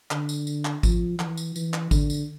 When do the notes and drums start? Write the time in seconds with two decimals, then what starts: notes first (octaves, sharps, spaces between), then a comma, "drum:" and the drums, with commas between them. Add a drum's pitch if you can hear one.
0.11 D3, drum: clap
0.29 drum: tambourine
0.47 drum: tambourine
0.65 drum: clap
0.83 F3, drum: kick G#1, tambourine
1.20 E3, drum: clap
1.37 drum: tambourine
1.56 E3, drum: tambourine
1.74 drum: clap
1.91 D3, drum: kick G#1, tambourine
2.10 drum: tambourine